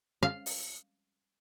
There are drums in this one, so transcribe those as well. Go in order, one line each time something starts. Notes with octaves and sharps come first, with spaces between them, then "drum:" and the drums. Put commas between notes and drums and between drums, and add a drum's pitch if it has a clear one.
F5
drum: open hi-hat